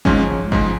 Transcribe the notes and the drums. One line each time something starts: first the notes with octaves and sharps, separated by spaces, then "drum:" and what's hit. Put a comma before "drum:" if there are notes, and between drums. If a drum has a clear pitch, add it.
G#2 F3 G#3 C#4, drum: kick
G#2 F3 G#3, drum: kick